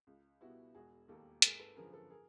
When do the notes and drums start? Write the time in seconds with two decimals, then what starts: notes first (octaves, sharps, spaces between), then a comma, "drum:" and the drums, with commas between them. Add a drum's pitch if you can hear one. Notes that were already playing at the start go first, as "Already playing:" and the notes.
0.07 C#2
0.41 B2 G3 B3 E4 F#4
0.75 E1 F#4 G#4
1.08 D#2 D#3 G3 A#3 G4 A4
1.42 G#1 G#4 A#4, drum: hi-hat
1.59 A4 B4
1.76 F#2 D3 F3 G#4 A#4
1.93 A4 B4
2.10 G#4 A#4